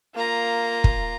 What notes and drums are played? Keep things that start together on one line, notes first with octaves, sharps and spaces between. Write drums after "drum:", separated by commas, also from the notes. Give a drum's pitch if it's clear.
A#3 F4 A#5
drum: kick